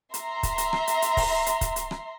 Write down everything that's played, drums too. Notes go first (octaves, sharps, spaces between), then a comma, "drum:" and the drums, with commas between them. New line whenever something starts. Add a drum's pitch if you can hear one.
E5 A#5 C6, drum: hi-hat
drum: kick C#1, hi-hat
drum: hi-hat
drum: rim click
drum: hi-hat
drum: hi-hat
drum: kick C#1, open hi-hat
drum: hi-hat
drum: kick C#1, hi-hat
drum: hi-hat
drum: rim click